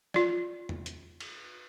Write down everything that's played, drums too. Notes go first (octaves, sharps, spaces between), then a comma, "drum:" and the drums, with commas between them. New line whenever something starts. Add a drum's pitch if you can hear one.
F4 D5, drum: snare
drum: tom
drum: hi-hat
drum: cymbal